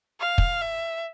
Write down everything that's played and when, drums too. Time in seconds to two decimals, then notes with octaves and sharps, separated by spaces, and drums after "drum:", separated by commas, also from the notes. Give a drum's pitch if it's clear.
0.20 F5
0.38 drum: kick
0.61 E5